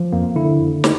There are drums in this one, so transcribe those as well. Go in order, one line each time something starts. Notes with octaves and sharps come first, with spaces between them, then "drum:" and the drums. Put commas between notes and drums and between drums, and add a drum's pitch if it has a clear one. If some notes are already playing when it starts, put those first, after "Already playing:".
Already playing: F3
F2 A#3
D3 E4
drum: snare